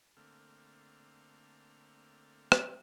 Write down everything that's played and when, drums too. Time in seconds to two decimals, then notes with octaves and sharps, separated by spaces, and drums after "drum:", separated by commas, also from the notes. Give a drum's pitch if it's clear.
0.17 D3 A3 A#3 C4 F6
2.52 drum: rim click